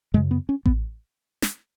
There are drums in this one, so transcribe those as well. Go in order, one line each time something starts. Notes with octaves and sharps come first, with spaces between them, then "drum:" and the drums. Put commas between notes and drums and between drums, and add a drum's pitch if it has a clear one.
F#2 C#3 G#3
B3
C#4
B3, drum: kick A1
drum: snare